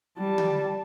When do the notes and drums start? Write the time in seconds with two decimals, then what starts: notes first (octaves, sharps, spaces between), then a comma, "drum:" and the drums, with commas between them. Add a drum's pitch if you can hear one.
0.19 G3 A5
0.38 drum: tom D3